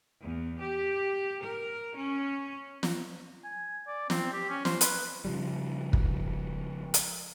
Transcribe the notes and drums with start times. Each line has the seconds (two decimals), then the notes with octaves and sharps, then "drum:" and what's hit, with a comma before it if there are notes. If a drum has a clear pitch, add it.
0.22 E2
0.60 G4
1.42 A#4
1.96 C#4
2.83 drum: snare
3.44 G#5
3.87 D5
4.10 C4, drum: snare
4.33 G4
4.50 C#4
4.65 C5, drum: snare
4.81 B4, drum: hi-hat
5.25 C#3 F3 G3
5.93 drum: kick
6.94 drum: hi-hat